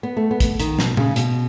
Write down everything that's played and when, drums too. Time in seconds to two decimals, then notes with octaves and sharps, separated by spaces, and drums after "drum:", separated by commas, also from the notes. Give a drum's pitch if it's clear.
0.03 B3
0.17 A3
0.31 B3
0.40 drum: kick, hi-hat
0.60 D#3, drum: hi-hat
0.79 B2, drum: snare
0.97 C#3, drum: tom
1.16 B2, drum: hi-hat